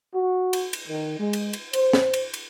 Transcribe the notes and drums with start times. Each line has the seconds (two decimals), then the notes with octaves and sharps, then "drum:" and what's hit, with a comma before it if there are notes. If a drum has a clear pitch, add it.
0.14 F#4
0.53 drum: cymbal
0.73 drum: cymbal
0.86 D#3
1.18 G#3
1.33 drum: cymbal
1.53 drum: cymbal
1.73 C5, drum: cymbal
1.93 drum: snare
2.14 drum: cymbal
2.34 drum: cymbal